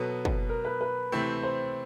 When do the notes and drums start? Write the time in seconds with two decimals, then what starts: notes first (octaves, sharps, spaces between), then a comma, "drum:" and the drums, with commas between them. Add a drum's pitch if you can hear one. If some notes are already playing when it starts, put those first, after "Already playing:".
Already playing: B2 F#3 B3 A4
0.25 drum: kick
0.49 A#4
0.65 B4
0.81 B4
1.12 C3 E3 A3 C4
1.43 C5